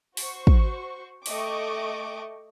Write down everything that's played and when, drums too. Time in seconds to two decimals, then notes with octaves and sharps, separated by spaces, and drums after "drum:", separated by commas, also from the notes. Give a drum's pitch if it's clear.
0.17 F#4 C5 C#6, drum: open hi-hat
0.47 drum: kick
1.26 A3 D#5 G5 C#6 D6, drum: open hi-hat